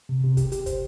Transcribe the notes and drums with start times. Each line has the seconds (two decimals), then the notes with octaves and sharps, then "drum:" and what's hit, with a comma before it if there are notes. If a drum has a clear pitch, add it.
0.09 C3
0.24 C3
0.37 G4, drum: kick, hi-hat
0.52 G4, drum: hi-hat
0.66 C5, drum: kick, hi-hat